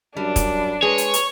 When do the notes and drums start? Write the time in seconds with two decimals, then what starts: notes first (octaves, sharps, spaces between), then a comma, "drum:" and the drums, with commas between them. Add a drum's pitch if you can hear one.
0.17 F#2 G3 D4
0.36 drum: kick, hi-hat
0.82 G#3 G#4 B4 C#5
0.98 drum: hi-hat
1.14 drum: hi-hat